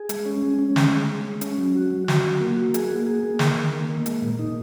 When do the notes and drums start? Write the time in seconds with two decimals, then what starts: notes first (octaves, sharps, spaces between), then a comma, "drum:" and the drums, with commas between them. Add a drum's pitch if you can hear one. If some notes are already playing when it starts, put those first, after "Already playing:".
Already playing: G#4
0.09 G#3, drum: hi-hat
0.25 C#4
0.42 G#3
0.59 C#4
0.76 G#3, drum: snare
0.92 G#3
1.08 G#3
1.25 G#3
1.41 C#4, drum: hi-hat
1.58 F#3
1.75 F#4
1.91 F#3
2.08 F#4, drum: snare
2.24 F#3
2.41 A#3
2.57 F#4
2.74 G#4, drum: hi-hat
2.91 A#3
3.07 G#4
3.23 A#3
3.39 D#3, drum: snare
3.57 D#3
3.73 A#3
3.89 A#3
4.06 G#3, drum: hi-hat
4.22 A#2
4.39 D#4